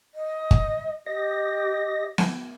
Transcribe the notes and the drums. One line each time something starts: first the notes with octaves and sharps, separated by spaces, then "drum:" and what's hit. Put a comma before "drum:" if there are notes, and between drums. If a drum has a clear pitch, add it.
D#5
drum: kick G1
G4 D#5 A#6
drum: snare B3